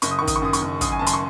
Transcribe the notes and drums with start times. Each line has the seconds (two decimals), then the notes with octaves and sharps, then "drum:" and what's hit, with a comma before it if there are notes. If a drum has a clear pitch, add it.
0.02 F#1 C#6, drum: hi-hat
0.11 D#6
0.19 D#3 C#6
0.28 D#6, drum: kick, hi-hat
0.36 C#6
0.42 F#2 D#6
0.53 C#6, drum: hi-hat
0.62 F#1
0.81 F#2 D#6, drum: kick, hi-hat
0.92 G#5
0.99 F#1 A5
1.07 C6, drum: hi-hat
1.13 C#6